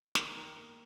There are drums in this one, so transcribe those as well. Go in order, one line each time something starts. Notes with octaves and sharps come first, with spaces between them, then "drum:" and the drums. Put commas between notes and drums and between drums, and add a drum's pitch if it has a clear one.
D#3, drum: snare
D#3
A#3